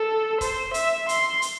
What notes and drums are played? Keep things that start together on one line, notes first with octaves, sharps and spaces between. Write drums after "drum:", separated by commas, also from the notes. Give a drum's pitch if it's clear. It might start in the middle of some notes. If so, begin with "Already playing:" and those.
Already playing: A4
C5, drum: kick, hi-hat
E5, drum: hi-hat
C6, drum: hi-hat
drum: hi-hat